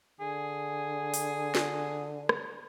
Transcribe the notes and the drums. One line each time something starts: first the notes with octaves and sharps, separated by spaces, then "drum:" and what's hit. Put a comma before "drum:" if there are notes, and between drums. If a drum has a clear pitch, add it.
D3 G#4
drum: open hi-hat
drum: snare
drum: rim click